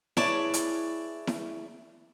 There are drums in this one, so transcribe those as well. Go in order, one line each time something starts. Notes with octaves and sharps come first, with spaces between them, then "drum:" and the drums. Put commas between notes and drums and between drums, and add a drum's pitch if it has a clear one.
E4 G#4 B4 C#5 D5 A5, drum: snare E4
drum: hi-hat
drum: snare E4